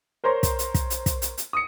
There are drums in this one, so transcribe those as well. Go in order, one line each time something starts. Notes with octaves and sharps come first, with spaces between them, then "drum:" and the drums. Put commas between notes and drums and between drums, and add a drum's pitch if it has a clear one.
A#4 C5 C#5 A#5 C6
drum: kick, hi-hat
drum: hi-hat
drum: kick, hi-hat
drum: hi-hat
drum: kick, hi-hat
drum: hi-hat
drum: hi-hat
D#6 C#7